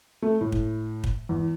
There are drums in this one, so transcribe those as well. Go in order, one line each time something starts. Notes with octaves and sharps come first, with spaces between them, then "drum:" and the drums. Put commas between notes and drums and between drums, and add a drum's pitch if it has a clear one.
A3
A2
drum: kick
drum: kick
E2